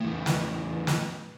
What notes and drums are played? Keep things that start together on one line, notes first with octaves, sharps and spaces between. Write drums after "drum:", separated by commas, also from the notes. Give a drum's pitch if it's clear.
E2 A2
drum: snare
drum: snare